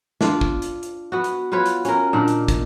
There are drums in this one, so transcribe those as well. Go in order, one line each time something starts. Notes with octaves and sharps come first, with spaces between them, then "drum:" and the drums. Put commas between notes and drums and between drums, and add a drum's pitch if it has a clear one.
D4 F4, drum: snare
drum: kick
drum: hi-hat
drum: hi-hat
B3 F#4
drum: hi-hat
F4 F#4 B4 C#5
drum: hi-hat
C#4 A#4, drum: hi-hat
A#2 D#3 D4
drum: hi-hat
drum: kick, hi-hat